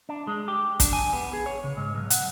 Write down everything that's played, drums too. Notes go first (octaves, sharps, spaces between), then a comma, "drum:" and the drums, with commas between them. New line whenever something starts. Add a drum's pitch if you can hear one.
D4
G#3
G4
D4, drum: kick, hi-hat
G#5
B3
G#4
C#5
C#3
G#2
B1
F#5, drum: hi-hat